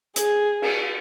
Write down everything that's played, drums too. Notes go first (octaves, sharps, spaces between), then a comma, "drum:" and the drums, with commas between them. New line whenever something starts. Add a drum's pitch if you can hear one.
G#4, drum: hi-hat
drum: cymbal